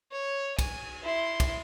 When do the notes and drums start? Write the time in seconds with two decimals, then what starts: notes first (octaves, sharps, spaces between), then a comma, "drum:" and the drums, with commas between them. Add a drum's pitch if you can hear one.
0.12 C#5
0.59 G#5, drum: kick, cymbal
1.03 E4 C6
1.40 drum: kick, cymbal